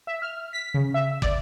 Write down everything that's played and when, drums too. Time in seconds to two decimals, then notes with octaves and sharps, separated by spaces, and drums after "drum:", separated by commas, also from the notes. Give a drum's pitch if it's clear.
0.07 E5
0.22 F6
0.53 B6
0.74 C#3
0.94 E5
1.22 D5, drum: kick